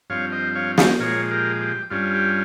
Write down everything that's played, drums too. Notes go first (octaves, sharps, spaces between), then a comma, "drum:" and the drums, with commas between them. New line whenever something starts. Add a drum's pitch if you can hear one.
G2 F3 C4 C#5 F5
C5 D#5
C#5 F5
C5 D#5, drum: snare
A#2 F3 G#3 A#4 C#5
G4 A#4
G4
G2 G3 C#4 F4
G4